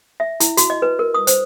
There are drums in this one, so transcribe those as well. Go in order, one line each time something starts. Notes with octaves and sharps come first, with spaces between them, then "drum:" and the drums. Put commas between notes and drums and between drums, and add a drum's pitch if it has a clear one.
E5
E4, drum: hi-hat
F#4, drum: hi-hat
D#5
B4
A#4
D#6
C5, drum: hi-hat